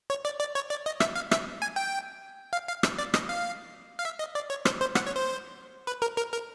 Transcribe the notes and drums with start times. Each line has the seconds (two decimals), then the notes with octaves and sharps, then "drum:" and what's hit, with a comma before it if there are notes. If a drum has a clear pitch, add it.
0.10 C#5
0.25 D5
0.40 D5
0.55 C#5
0.70 D5
0.86 D#5
1.00 E5, drum: rim click
1.16 F5
1.31 E5, drum: rim click
1.62 G#5
1.76 G5
2.53 F5
2.68 F5
2.83 E5, drum: rim click
2.99 D5
3.14 D#5, drum: rim click
3.29 F5
3.99 F5
4.05 E5
4.19 D#5
4.35 D5
4.50 C#5
4.65 C5, drum: rim click
4.81 C5
4.95 F#5, drum: rim click
5.07 C#5
5.16 C5
5.87 B4
6.02 A#4
6.17 A#4
6.33 A#4